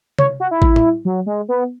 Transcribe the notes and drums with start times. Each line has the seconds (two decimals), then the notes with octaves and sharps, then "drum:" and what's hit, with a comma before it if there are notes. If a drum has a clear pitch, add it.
0.19 C#5, drum: tom C3
0.40 F#4
0.51 E4
0.62 drum: kick A1
0.76 drum: tom A2
1.05 F#3
1.26 G#3
1.49 B3